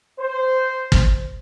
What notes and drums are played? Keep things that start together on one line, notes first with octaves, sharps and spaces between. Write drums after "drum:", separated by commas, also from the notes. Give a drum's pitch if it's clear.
C5
drum: kick